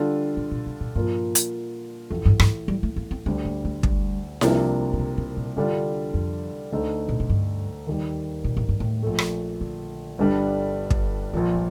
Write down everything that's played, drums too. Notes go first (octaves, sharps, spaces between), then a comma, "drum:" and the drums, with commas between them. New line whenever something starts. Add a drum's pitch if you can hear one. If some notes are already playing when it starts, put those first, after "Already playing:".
Already playing: D3 G3 D4 F4 A4
A2
A#2
C3
A#2
G2 A#2 F3 A#3 F4
drum: hi-hat
A1 F2 A2 A3
G2
G2, drum: rim click
G3
A3
A#3
C4
D2 D3 G3 C4
A#3
A3
G3, drum: kick
C2 C3 F3 A#3 D4, drum: snare E4
C3
D3
C3
A#2
G2 D3 G3 D4 F4
F2
D2 D3 A3 D#4 A4
A#2
A2
G2
D#2 D#3 G3
A#2
A2
G2
A2
A#1 A#2 A3
drum: rim click
D3
G1 G2 D3 G3 D4
drum: kick
A#1 A#2 D#3 F3
G3